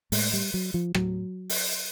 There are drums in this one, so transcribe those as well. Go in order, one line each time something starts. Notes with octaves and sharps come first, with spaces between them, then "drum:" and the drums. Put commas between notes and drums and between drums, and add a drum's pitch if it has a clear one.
A2 G#3, drum: open hi-hat
G3
F#3
F3
A2 F#3, drum: rim click
drum: open hi-hat